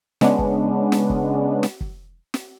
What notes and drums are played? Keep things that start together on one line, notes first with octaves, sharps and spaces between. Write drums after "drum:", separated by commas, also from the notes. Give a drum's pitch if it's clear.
C#3 G#3 B3 C#4 D4, drum: snare
drum: kick
drum: snare
drum: kick
drum: snare
drum: kick
drum: snare